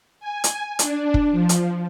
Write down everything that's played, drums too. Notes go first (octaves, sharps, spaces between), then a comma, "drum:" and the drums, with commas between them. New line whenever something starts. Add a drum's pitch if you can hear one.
G#5
drum: hi-hat
D4, drum: hi-hat
drum: kick
F3
drum: hi-hat